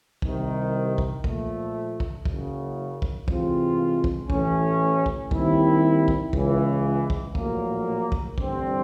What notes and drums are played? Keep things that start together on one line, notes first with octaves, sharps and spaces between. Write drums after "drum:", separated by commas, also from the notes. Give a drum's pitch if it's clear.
C2 C3 D#3, drum: kick
drum: kick
A#2 F3 A3, drum: kick
drum: kick
F#1 F#2 C#3, drum: kick
drum: kick
C3 E3 G#3 C4 F4, drum: kick
drum: kick
A1 A2 E3 A3 C#4, drum: kick
drum: kick
D#2 D#3 G3 C4 E4, drum: kick
drum: kick
C#2 C#3 E3, drum: kick
drum: kick
A#1 A2 F#3 A#3, drum: kick
drum: kick
A1 G2 D3 G3 C4, drum: kick